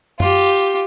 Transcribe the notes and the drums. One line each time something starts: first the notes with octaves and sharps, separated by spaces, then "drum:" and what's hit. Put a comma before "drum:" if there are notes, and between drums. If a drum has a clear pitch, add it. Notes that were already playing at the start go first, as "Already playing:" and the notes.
F4 G4, drum: tom F#2